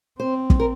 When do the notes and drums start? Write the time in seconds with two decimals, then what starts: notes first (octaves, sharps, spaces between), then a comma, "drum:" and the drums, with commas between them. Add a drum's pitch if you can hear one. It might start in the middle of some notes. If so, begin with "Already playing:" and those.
0.19 C4 C5
0.50 drum: kick
0.60 A#4